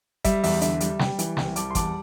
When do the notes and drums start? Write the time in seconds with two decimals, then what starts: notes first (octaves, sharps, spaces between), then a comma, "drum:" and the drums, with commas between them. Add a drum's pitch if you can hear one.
0.24 G3 E5, drum: kick G1, hi-hat
0.43 E2 E5, drum: open hi-hat
0.61 D3 E5, drum: hi-hat
0.80 G3, drum: hi-hat
0.99 G3 G5, drum: snare
1.19 E3, drum: hi-hat
1.37 C2 G5, drum: snare
1.56 G3 A5 D6, drum: hi-hat
1.71 C6
1.75 E2 A5 D6, drum: kick G1, hi-hat